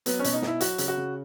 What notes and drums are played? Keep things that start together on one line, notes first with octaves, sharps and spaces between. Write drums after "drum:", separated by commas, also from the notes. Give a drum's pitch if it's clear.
F#3 B3, drum: hi-hat
C#4
B2, drum: hi-hat
D#4
B2, drum: snare
E4
F#3 F#4, drum: hi-hat
C#3, drum: hi-hat
F#4
C#3